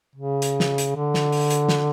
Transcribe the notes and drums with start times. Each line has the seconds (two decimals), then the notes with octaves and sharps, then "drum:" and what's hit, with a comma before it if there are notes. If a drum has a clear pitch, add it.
0.15 C#3
0.42 drum: hi-hat
0.60 drum: snare
0.78 drum: hi-hat
0.96 D3
1.14 drum: snare
1.32 drum: open hi-hat
1.50 drum: hi-hat
1.69 drum: snare